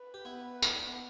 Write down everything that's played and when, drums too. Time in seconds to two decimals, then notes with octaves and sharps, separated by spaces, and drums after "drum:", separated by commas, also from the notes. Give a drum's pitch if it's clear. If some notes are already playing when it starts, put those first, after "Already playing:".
Already playing: B4
0.14 G4
0.25 B3 E4
0.62 E4, drum: tambourine
0.75 D4
0.87 B3